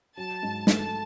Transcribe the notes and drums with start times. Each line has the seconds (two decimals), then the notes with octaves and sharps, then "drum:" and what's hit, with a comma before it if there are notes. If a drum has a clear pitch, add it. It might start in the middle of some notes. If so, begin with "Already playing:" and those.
0.17 F#3 A5
0.43 G#2
0.67 A3 A5, drum: snare